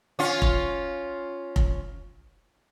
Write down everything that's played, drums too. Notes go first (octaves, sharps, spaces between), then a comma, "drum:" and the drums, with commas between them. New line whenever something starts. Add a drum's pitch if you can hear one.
C#4 F4
drum: kick F1
drum: kick F1